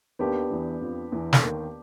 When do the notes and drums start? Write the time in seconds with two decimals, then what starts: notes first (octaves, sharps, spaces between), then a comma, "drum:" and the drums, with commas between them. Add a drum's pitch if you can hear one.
0.19 D#2 D#3 B3 D4 G4
0.50 E2 E3
0.81 F2 F3
1.12 E2 E3
1.33 D3, drum: snare
1.43 D#2 D#3